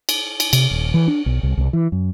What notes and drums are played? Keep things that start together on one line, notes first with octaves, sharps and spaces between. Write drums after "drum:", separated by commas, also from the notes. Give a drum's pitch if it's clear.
drum: cymbal
drum: cymbal
C3, drum: cymbal
D#1
E3
D4
B1
C2
C2
E3
F#2